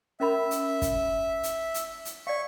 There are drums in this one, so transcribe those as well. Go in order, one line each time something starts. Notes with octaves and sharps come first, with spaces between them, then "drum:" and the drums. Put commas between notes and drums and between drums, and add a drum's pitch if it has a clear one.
C#4 A#4 E5 B5
drum: hi-hat
drum: kick, hi-hat
drum: hi-hat
drum: hi-hat
drum: hi-hat
D5 F5 C#6